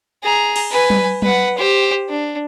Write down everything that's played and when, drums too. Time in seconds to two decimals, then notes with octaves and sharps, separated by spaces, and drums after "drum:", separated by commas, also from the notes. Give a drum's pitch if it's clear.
0.23 G#4 A#5
0.56 drum: cymbal
0.71 B4 G#5
0.90 drum: tom F#3
1.22 B4 F#5, drum: tom F#3
1.58 G4 C5
2.09 D4